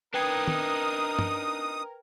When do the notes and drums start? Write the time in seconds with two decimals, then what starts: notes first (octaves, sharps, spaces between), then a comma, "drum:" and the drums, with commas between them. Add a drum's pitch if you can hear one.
0.14 D4 D#4 A#4 B4 G5 D#6 G#6
0.48 drum: tom
1.19 drum: tom